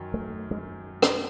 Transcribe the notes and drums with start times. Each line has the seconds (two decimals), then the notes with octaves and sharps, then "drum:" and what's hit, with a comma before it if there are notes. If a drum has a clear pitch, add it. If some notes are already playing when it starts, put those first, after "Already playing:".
Already playing: F#2 D#3 F#3
0.14 A3
0.51 G#3
1.02 drum: rim click